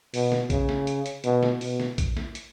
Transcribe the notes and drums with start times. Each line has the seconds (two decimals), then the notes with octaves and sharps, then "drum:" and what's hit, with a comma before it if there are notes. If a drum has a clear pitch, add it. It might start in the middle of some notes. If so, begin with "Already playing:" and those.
0.14 B2, drum: open hi-hat
0.32 drum: snare
0.50 C#3, drum: kick, hi-hat
0.69 drum: snare
0.87 drum: hi-hat
1.06 drum: hi-hat
1.24 B2, drum: hi-hat
1.43 drum: snare
1.61 B2, drum: open hi-hat
1.80 drum: snare
1.98 drum: kick, hi-hat
2.17 drum: snare
2.35 drum: hi-hat